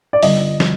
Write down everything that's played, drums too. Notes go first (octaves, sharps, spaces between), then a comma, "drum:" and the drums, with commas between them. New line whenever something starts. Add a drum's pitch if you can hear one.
D5
G1 D#5, drum: open hi-hat
drum: snare